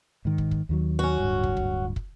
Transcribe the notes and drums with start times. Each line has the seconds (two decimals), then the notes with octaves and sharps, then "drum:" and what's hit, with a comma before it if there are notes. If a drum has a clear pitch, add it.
0.25 G#2 D#3
0.38 drum: kick
0.51 drum: kick
0.69 D#2 D#3 F#3
0.99 C#4 F#4
1.20 D1 G2
1.43 drum: kick
1.57 drum: kick
1.96 drum: kick